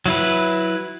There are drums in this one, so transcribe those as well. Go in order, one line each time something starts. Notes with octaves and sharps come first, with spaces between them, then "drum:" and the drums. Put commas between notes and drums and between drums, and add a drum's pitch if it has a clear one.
F#3 E4 B4, drum: cymbal